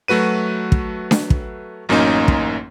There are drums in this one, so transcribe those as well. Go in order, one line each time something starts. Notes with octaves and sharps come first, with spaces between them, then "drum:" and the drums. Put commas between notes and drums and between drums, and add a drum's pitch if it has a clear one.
F#3 A3 F#4 B4 D#7
drum: kick
drum: snare D4
drum: kick
A1 F#2 A#3 C#4 D#4
drum: kick